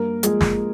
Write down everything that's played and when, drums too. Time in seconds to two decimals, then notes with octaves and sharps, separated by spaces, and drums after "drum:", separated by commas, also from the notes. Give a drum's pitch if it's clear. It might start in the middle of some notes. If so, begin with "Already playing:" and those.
Already playing: G2 A#3 A#4
0.23 F3 G#3 G#4, drum: hi-hat
0.41 drum: snare